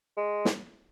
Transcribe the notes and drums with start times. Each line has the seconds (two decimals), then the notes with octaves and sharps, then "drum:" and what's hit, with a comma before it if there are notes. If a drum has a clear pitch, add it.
0.17 G#3
0.45 drum: snare